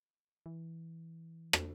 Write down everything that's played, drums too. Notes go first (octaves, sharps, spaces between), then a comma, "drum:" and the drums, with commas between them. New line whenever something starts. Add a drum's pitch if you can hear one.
E3
drum: rim click